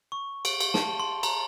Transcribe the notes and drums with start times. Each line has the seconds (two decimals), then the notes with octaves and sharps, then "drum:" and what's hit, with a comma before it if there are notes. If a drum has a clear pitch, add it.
0.12 C#6
0.45 D7, drum: cymbal
0.60 drum: cymbal
0.74 A5, drum: snare
1.00 C6
1.23 A#5, drum: cymbal